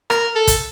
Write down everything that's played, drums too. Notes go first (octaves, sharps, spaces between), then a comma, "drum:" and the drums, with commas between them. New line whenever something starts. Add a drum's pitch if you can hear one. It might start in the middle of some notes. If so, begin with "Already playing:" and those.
A#4, drum: rim click
A4
drum: kick, hi-hat